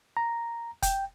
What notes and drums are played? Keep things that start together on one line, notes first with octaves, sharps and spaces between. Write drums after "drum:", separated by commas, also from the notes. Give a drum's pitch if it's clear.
A#5
G5, drum: kick F1, hi-hat